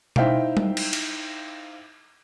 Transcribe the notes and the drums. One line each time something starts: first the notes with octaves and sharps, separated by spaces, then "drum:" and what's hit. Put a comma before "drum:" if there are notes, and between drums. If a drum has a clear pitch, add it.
D#4 E4 C5 E5 F5 G5, drum: tom B2
drum: tom G3
drum: cymbal
drum: cymbal